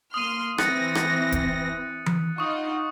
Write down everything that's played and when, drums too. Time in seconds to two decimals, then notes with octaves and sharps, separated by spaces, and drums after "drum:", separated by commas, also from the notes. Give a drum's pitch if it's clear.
0.14 A#3 C6 D#6 F6 D#7
0.58 E3 C4 F#6 A6 A#6 C#7, drum: rim click
0.95 drum: rim click
1.32 drum: kick, hi-hat
2.06 drum: tom E3
2.38 D#4 F4 F#5 C#6 D#6